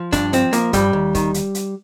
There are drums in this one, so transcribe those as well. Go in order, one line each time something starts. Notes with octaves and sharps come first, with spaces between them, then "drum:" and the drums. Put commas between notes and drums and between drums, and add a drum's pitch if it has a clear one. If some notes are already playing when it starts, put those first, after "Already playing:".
Already playing: F3
G2 D4, drum: kick, hi-hat
F3 C4, drum: hi-hat
F3 A#3, drum: hi-hat
G2 G3, drum: kick, hi-hat
D#2
D#3, drum: kick, hi-hat
drum: hi-hat
drum: hi-hat